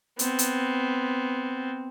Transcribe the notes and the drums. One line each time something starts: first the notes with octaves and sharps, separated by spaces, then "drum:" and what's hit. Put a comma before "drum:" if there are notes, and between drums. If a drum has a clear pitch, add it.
B3 C4, drum: hi-hat
drum: hi-hat